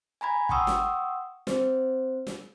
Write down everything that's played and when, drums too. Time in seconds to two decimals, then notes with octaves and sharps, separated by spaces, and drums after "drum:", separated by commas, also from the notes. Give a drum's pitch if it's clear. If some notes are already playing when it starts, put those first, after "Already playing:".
0.21 G#5 A#5 B5 G#6
0.49 F#5 G5 C6 C#6 D#6 E6, drum: kick
0.67 drum: snare
1.47 C4 C5, drum: snare
2.27 drum: snare